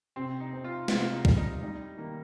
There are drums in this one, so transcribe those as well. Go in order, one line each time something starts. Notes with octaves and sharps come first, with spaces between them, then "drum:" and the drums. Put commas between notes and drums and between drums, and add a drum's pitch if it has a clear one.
C3 C4
D#4
C4
F4
C3 F4, drum: snare
D#4
G3, drum: kick
D#4
G3 D#4
D#3 A#3